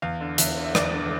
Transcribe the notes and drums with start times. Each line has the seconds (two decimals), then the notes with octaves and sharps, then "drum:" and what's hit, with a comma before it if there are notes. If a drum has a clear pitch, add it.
0.02 E2 F5
0.21 D3
0.38 E2 E5, drum: hi-hat
0.57 D3
0.65 E5
0.75 E2 D5, drum: rim click
0.93 D3